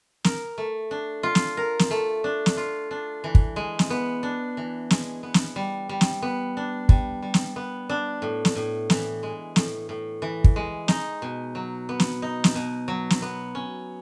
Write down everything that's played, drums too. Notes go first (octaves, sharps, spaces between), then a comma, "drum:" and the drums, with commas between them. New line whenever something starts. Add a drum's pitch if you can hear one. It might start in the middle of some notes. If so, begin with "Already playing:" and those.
A#4, drum: snare
A3
D4
F4
drum: snare
A#4
drum: snare
A3
D4
drum: snare
F4
D4
E3
drum: kick
G#3
drum: snare
B3
D4
E3
G#3, drum: snare
B3
drum: snare
G3
G3
drum: snare
B3
D4
G3, drum: kick
G3
drum: snare
B3
D4
A2
drum: snare
A2
E3, drum: snare
G#3
A2, drum: snare
A2
E3
drum: kick
G#3
D#4, drum: snare
B2
F#3
B3
drum: snare
D#4
drum: snare
B2
F#3
drum: snare
B3
C#4